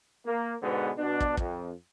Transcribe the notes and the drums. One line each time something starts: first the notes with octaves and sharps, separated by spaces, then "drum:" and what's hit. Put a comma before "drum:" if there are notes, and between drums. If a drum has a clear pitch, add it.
A#3
G#2 B2 D3 G#3 B3
B2 D4
drum: kick
F2, drum: kick